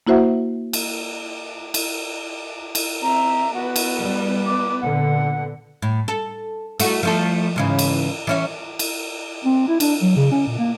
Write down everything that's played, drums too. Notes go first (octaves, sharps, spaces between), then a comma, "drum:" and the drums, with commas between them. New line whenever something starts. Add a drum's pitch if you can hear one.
A#3 E4 F#4 C5 E5 F#5
drum: cymbal
drum: cymbal
drum: cymbal
C4 E5 A#5
B3 F#4 B4
drum: cymbal
G3
D6
A#2 D3 F#5
A2
A4
A3 F#4, drum: cymbal
F3 A3 A4
G#2 C#3 E3
drum: cymbal
E3 C#4 E5
drum: cymbal
C4
E4
D4, drum: cymbal
F#3
C#3
C#4
A#2
A#3